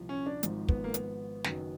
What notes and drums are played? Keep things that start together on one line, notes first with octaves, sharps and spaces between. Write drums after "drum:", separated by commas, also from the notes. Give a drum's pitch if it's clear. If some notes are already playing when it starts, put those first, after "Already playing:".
Already playing: C2 A#2 F3
C#4
D4
G#1 G#2 F3, drum: hi-hat
B3, drum: kick
A#3
B3, drum: hi-hat
F#1 F#2 D#3 F#3, drum: snare